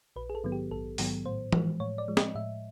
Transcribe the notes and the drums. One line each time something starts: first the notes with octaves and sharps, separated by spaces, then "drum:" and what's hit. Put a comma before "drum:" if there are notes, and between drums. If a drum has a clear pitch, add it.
A#1 B4
G#4
A4
G#2 D#3 F#3 B3
G4
A#1 A4
G#2 D#3 F#3 B3, drum: open hi-hat
A2 C5
F3 G#3, drum: tom E3
A2 C#5
D5
F3 G#3
D#5, drum: snare
A2 E5